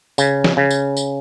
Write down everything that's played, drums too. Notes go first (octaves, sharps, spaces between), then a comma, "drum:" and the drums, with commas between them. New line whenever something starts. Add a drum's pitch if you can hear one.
C#3, drum: tambourine
drum: snare
C#3
drum: tambourine
drum: tambourine